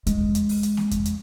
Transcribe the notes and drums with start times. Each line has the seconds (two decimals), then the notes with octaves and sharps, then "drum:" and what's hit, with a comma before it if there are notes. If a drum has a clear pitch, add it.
0.07 G#3, drum: hi-hat
0.21 drum: kick E2
0.35 drum: hi-hat
0.49 drum: open hi-hat
0.63 drum: hi-hat
0.77 drum: snare A#3
0.91 drum: kick E2, hi-hat
1.05 drum: hi-hat